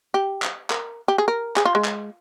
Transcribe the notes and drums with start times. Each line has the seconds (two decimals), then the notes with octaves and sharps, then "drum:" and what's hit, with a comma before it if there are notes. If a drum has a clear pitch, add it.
0.14 G4
0.42 drum: clap
0.70 A#4, drum: clap
1.08 G4
1.18 G#4
1.28 A#4
1.56 G#4, drum: clap
1.65 F4
1.75 G#3
1.85 drum: clap